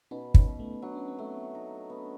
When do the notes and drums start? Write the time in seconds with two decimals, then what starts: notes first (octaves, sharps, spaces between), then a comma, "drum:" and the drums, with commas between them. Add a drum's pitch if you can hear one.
0.11 B2 C#4 D#4
0.34 C#4 D#4, drum: kick
0.47 B2
0.59 A3 B3
0.82 F#3 D4
0.95 C#4
1.08 C4
1.19 A3 B3 C#4
1.55 D#4
1.90 B3